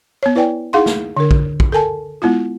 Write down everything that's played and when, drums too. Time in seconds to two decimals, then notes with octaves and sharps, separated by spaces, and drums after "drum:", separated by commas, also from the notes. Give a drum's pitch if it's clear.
0.23 B3 C#5
0.35 E4 B4 D5 G5 G#5
0.73 D#4 E4 G#4 F5 F#5 C6
0.86 drum: snare
1.17 D3 D4 A#4
1.31 drum: kick
1.60 drum: kick
1.72 A4 A#4 G#5 A5
2.22 G#3 B3 E4 F4